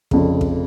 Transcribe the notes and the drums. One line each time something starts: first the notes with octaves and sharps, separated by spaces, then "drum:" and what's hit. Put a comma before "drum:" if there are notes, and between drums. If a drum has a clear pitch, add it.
F1 F2 C#3, drum: kick
drum: kick